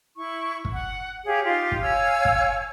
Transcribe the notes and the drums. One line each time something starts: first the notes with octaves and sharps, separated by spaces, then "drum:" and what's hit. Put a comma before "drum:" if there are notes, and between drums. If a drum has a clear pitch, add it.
E4 C#6
drum: kick
F#5
G4 G#4 C#5 F5
D#4 F4 G4
drum: kick
C#5 F5 G#5 E6
drum: kick